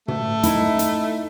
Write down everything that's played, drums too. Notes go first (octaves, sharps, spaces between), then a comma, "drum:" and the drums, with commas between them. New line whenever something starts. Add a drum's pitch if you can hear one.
A3, drum: tom
D#4 E4, drum: hi-hat
drum: hi-hat